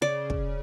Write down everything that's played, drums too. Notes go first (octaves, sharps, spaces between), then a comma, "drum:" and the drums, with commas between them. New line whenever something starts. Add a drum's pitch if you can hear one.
C#3 D5
drum: kick